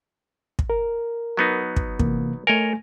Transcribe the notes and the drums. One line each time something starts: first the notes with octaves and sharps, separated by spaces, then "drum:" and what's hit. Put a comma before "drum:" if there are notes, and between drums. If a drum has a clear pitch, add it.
drum: kick
A#4
F#3 B3 D#4
drum: kick
C3 E3 A#3, drum: kick
A3 A#4 C#5 D#5 G#5